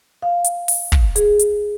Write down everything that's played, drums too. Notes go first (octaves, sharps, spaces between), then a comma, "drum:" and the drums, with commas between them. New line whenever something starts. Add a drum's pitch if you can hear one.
F5
drum: hi-hat
drum: open hi-hat
drum: kick
G#4, drum: hi-hat
drum: hi-hat